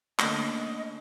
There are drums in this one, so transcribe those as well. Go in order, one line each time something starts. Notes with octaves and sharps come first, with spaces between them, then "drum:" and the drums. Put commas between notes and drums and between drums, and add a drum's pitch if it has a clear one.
D3 A3 A#3 C#4 D#5, drum: clap